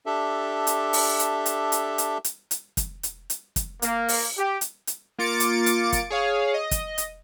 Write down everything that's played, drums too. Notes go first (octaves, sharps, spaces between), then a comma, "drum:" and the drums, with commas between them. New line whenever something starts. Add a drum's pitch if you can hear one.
D4 G4 A4 E5
drum: hi-hat
drum: open hi-hat
drum: hi-hat
drum: hi-hat
drum: hi-hat
drum: hi-hat
drum: hi-hat
drum: hi-hat
drum: kick, hi-hat
drum: hi-hat
drum: hi-hat
drum: kick, hi-hat
A#3, drum: hi-hat
drum: open hi-hat
G4
drum: hi-hat
drum: hi-hat
A#3 F4 D6 A6 C#7 D7
drum: hi-hat
drum: hi-hat
drum: kick, hi-hat
G#4 C#5 F5
D#5
drum: kick, hi-hat
drum: hi-hat